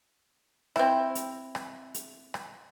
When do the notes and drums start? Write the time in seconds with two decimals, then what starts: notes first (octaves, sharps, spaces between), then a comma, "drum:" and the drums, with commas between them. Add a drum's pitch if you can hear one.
0.76 C4 E4, drum: rim click
1.15 drum: hi-hat
1.55 drum: rim click
1.94 drum: hi-hat
2.34 drum: rim click